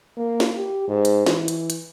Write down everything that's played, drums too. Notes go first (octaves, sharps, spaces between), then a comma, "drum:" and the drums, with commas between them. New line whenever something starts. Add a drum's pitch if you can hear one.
A#3
drum: snare
G4
G#2
drum: hi-hat
E3, drum: snare
drum: hi-hat
drum: hi-hat